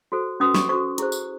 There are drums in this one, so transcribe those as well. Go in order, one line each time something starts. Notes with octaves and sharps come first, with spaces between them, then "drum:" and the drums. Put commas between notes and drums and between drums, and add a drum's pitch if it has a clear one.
F#4 A4 C5
C#4 F#4 B4 D#6
C#6, drum: snare
F#4 A4 C5 C#6
E4 G#4 C5, drum: hi-hat
drum: tambourine